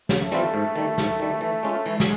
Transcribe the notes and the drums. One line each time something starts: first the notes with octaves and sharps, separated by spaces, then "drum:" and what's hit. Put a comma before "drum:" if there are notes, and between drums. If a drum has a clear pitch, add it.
C#3 A3, drum: snare
E3 G3 C4 F4
G#2
D#3 G3
G#2, drum: snare
D#3 G3
E3
G#3 C#4 F4
E3 G#3, drum: cymbal
drum: snare